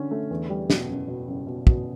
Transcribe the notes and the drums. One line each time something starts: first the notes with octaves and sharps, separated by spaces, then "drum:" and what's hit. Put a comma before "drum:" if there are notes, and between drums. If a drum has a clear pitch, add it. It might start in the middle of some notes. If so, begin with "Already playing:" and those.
Already playing: D3 C#4
A3
E2
G3
B2, drum: snare
F#1
B2
F#1
B2
B2, drum: kick